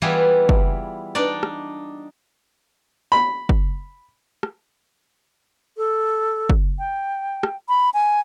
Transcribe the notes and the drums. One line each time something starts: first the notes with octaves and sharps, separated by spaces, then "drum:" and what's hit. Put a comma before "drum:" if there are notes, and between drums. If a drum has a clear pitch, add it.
E3 G3 B3 E4 F4 G#4
drum: kick
D4 D#4 D5
drum: rim click
B5
drum: kick
drum: rim click
A4
drum: kick
G5
drum: rim click
B5
G#5